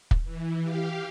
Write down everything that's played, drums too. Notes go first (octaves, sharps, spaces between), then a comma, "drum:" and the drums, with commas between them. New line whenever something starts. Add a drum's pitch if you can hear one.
drum: kick
E3
G4 F5